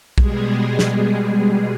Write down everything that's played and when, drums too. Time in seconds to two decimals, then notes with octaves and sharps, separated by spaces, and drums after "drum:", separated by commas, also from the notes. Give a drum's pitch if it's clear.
0.18 B2 G3 G#3 G#4, drum: kick B1
0.79 drum: snare